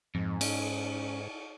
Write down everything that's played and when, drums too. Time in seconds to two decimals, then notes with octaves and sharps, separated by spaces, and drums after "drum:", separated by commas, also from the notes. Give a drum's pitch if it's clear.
0.15 F2 G#2
0.41 C#4, drum: cymbal